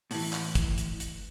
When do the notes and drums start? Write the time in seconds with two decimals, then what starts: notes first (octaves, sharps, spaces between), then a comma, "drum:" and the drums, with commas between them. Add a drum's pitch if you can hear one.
0.11 A2 E3, drum: open hi-hat
0.33 drum: clap
0.55 drum: kick, hi-hat
0.78 drum: hi-hat
1.00 drum: hi-hat